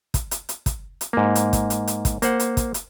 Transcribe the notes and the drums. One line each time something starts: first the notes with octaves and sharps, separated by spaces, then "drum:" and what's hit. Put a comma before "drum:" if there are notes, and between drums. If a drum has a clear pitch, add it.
drum: kick, hi-hat
drum: hi-hat
drum: hi-hat
drum: kick, hi-hat
drum: hi-hat
G#2 A#3
drum: hi-hat
drum: kick, hi-hat
drum: hi-hat
drum: hi-hat
drum: kick, hi-hat
A#3 C5 F#5, drum: hi-hat
drum: hi-hat
drum: kick, hi-hat
drum: hi-hat